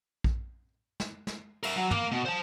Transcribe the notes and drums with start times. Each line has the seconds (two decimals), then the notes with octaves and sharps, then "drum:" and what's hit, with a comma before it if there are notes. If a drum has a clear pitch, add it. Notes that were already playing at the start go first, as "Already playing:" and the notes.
0.24 drum: kick A#1
1.00 drum: snare
1.27 drum: snare
1.63 A#4 E5, drum: cymbal
1.76 F#3
1.91 A#3, drum: tom
2.12 B2
2.25 C5 A5